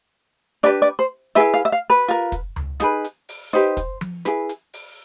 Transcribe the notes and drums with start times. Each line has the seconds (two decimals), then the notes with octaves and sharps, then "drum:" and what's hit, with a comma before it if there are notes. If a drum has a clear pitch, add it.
0.63 D4 G4 B4 D5, drum: hi-hat
0.82 D5
0.99 C5
1.35 E4 G#4 B4 E5, drum: snare
1.54 F5
1.65 E5
1.72 F5
1.90 B4
2.08 F4 A#4, drum: hi-hat
2.32 drum: kick, hi-hat
2.56 drum: tom C#2
2.80 D#4 G#4 B4, drum: snare
3.04 drum: hi-hat
3.29 drum: open hi-hat
3.53 D#4 G4 B4 C5, drum: hi-hat
3.77 drum: kick, hi-hat
4.01 drum: tom F3
4.25 E4 G#4 B4, drum: snare
4.49 drum: hi-hat
4.73 drum: open hi-hat